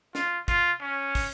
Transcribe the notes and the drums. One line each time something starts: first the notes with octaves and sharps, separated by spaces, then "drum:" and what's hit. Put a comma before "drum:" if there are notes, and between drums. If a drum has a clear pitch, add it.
F4, drum: snare
F4, drum: kick, hi-hat
C#4
drum: kick, open hi-hat